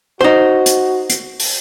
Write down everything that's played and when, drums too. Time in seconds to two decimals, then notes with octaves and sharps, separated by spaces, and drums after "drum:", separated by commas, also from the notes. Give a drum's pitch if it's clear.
0.21 D#4 F#4 C5
0.66 drum: hi-hat
1.10 drum: hi-hat
1.40 drum: open hi-hat